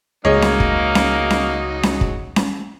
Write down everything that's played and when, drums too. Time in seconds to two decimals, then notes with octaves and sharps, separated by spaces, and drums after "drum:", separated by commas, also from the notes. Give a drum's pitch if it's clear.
0.25 C#2 F#3 A#3 D#4 G#4 C#5 D#5
0.42 drum: snare C#4
0.60 drum: kick
0.95 drum: snare C#4
1.30 drum: snare C#4
1.83 drum: snare C#4
2.01 drum: kick
2.36 drum: snare C#4